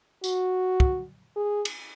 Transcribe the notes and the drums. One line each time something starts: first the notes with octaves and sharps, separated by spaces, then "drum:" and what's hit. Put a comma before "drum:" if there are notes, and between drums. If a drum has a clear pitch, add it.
F#4, drum: tambourine
drum: kick
G#4
drum: cymbal